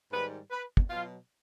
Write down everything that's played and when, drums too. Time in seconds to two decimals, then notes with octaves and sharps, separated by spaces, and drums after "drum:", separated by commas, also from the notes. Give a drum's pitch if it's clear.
0.12 G#2 D#3 G3 B4
0.51 B4
0.77 drum: kick
0.90 B2 F#3 F4